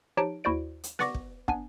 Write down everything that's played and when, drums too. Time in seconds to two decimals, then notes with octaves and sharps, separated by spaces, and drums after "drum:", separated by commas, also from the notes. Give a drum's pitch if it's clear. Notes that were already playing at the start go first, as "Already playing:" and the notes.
0.17 F3 D#4 G4 C#5 A5 D7
0.44 D#2 E4 F#4 C5 D5 D7
0.84 drum: hi-hat
0.99 B4 D5 F#5 C#6 D6 A#6, drum: snare B3
1.14 drum: kick
1.48 B3 D4 G#5, drum: kick